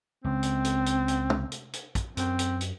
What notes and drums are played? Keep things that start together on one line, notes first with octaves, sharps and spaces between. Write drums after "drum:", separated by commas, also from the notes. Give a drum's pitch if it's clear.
C#2 C4
drum: hi-hat
drum: hi-hat
drum: hi-hat
drum: hi-hat
drum: tom
drum: hi-hat
drum: hi-hat
drum: kick, hi-hat
F#2 C4, drum: hi-hat
drum: hi-hat
drum: hi-hat